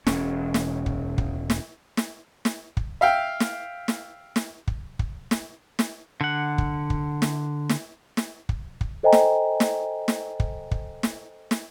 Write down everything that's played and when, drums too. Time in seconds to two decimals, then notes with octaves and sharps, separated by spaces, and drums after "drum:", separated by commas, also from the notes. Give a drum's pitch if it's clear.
0.07 E1 C#4, drum: snare
0.54 drum: snare
0.86 drum: kick
1.18 drum: kick
1.50 drum: snare
1.97 drum: snare
2.45 drum: snare
2.77 drum: kick
3.01 E5 F5 G5
3.40 drum: snare
3.88 drum: snare
4.36 drum: snare
4.67 drum: kick
4.99 drum: kick
5.31 drum: snare
5.79 drum: snare
6.21 D3 F#5
6.58 drum: kick
6.90 drum: kick
7.22 drum: snare
7.69 drum: snare
8.17 drum: snare
8.49 drum: kick
8.81 drum: kick
9.03 A4 C5 D#5 G5 G#5 A#5
9.12 drum: snare
9.60 drum: snare
10.08 drum: snare
10.40 drum: kick
10.71 drum: kick
11.03 drum: snare
11.51 drum: snare